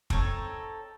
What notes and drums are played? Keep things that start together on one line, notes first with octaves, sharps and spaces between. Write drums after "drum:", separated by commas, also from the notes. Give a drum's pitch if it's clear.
C4 D#4 A4 C#5, drum: kick